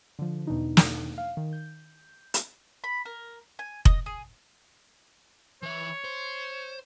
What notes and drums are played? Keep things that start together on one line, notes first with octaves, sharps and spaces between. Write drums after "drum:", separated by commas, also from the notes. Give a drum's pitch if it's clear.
D3 F3
E2 B2 D4 D#4
drum: snare
F5
D#3
G6
drum: hi-hat
B5
A#4
G#5
D#5, drum: kick F1
G#4
E3 C#5 E5
C5